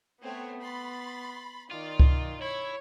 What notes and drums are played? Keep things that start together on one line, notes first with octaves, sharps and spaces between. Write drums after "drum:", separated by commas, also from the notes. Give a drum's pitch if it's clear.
A3 B3 C4 C#5
B5 C6 A6
D#3 F4 D5
drum: kick C#2
E4 C#5 G#6